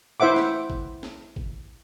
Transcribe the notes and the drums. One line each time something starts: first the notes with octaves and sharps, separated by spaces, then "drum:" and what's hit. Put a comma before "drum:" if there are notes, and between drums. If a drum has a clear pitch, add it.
E4 C5 E5 F#5 D6
drum: snare
drum: kick
drum: snare
drum: kick